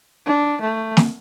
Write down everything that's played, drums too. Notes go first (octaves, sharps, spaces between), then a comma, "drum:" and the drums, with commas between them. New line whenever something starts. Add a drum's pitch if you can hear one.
D4
A3
drum: snare